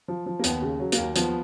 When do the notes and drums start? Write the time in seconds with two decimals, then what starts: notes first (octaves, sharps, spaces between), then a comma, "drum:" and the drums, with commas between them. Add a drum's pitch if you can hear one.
0.08 F3
0.26 F3
0.39 A#3
0.44 D#2 B3, drum: hi-hat
0.62 C#3
0.80 F#3
0.92 A#3, drum: hi-hat
0.98 D#2
1.16 F3 B3, drum: hi-hat